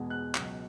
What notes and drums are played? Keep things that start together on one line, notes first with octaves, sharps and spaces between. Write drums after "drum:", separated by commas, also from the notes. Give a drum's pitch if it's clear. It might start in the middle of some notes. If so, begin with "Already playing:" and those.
Already playing: E2 B2 G#3 B3
F#6
C#2 B2 F#3, drum: clap